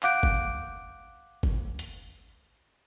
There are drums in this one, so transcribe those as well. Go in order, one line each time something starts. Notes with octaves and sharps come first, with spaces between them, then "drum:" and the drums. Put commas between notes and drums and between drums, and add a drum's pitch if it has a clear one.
F5 F#5 D6 F#6 G6 D7, drum: clap
drum: kick
drum: kick
drum: hi-hat